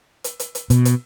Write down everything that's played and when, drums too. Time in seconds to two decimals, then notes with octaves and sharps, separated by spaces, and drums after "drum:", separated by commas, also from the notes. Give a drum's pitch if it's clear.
0.24 drum: hi-hat
0.40 drum: hi-hat
0.55 drum: hi-hat
0.70 B2, drum: hi-hat
0.85 drum: hi-hat